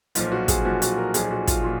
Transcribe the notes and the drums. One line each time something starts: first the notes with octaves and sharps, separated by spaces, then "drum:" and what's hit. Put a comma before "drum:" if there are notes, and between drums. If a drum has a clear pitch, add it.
B1 A#2 F3 F4, drum: hi-hat
F#4
G#4, drum: kick, hi-hat
B1 A#2 F3 F#4
F#4, drum: hi-hat
A#4
B1 A#2 F3 G#4, drum: hi-hat
F#4
F4, drum: kick, hi-hat
A#2 F3 F#4